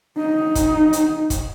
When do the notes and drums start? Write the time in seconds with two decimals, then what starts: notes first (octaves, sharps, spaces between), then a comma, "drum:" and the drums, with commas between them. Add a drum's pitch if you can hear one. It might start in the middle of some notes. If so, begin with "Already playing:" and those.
0.18 D#4
0.55 drum: kick, hi-hat
0.93 drum: hi-hat
1.30 drum: kick, hi-hat